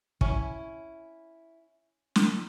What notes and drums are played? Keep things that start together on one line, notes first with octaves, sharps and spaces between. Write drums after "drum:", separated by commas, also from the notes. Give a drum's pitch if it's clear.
C#4 E4, drum: kick
drum: snare